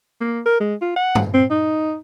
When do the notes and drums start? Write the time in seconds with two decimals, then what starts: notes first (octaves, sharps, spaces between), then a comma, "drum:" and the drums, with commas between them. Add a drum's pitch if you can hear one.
0.21 A#3
0.46 A#4
0.60 G#3
0.82 F4
0.96 F#5
1.15 drum: tom
1.34 C4
1.51 D#4